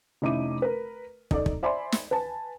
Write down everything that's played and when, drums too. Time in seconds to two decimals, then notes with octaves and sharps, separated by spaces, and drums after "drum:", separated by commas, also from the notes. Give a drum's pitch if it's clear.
0.22 F1 C#4 D#4 E4 D6 D#7
0.62 A#4 B4
1.31 D#4 A4 D5, drum: kick
1.46 drum: kick
1.63 C5 D5 E5 G#5 B5 C6
1.92 drum: snare
2.11 B4 G#5 A5